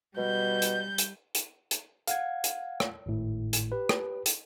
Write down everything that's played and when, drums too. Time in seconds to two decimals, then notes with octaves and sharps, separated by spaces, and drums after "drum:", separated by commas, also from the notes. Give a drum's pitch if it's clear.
0.17 B2 G3 G6
0.62 drum: hi-hat
0.98 drum: hi-hat
1.35 drum: hi-hat
1.71 drum: hi-hat
2.07 F5 F#5 G#6, drum: hi-hat
2.44 drum: hi-hat
2.80 drum: rim click
3.06 G#1 A2
3.53 drum: hi-hat
3.72 G4 B4
3.89 drum: rim click
4.26 drum: hi-hat